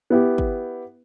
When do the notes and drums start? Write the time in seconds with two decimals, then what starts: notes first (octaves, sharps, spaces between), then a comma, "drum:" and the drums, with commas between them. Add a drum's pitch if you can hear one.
0.10 B3 E4 G4
0.38 drum: kick